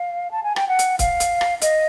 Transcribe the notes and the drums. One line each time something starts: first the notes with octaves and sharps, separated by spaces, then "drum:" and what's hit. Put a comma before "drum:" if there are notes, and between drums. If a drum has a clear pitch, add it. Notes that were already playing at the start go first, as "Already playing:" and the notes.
Already playing: F5
A5
G#5
G5, drum: rim click
F#5
drum: hi-hat
F5, drum: kick C#1, hi-hat
drum: hi-hat
drum: rim click
D#5, drum: hi-hat